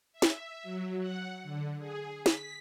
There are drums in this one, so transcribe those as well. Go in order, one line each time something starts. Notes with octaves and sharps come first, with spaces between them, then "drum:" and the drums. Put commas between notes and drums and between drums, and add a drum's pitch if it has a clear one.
E5
drum: snare
F#3
F#5
D3
G#4
B6, drum: snare